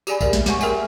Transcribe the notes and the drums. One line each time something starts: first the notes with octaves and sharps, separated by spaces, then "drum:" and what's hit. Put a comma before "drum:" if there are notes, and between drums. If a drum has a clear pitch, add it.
G4 G#4 D5 G#5 B5, drum: tambourine
A#4 D5 E5, drum: kick A#1, tambourine
drum: snare
G4 C#5 F#5 G#5 C#6, drum: snare
G#4 A#4 E5 G5 G#5, drum: tambourine